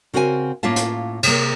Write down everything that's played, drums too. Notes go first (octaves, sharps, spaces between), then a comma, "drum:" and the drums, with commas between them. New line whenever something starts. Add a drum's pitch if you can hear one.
C#3 C4 F#4 A#4 D5 G#5
A2 A#3 C#4 F4 E5 A5
drum: hi-hat
C3 A#3, drum: cymbal